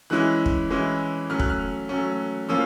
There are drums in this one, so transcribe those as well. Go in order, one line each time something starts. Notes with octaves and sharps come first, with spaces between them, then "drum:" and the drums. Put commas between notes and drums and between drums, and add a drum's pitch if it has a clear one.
E3 G#3 C#4 E4 F#6
drum: kick
E3 G#3 C#4 E4
F#3 A3 C#4 F6
F#6, drum: kick
F6
F#3 A3 C#4
F3 A#3 C#4 F4 E6